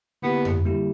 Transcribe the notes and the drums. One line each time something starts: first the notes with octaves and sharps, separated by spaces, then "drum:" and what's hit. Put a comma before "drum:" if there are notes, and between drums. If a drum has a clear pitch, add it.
D3 A#3 B3 E4 G4
drum: tom F2
D3 G3 A#3 E4 G4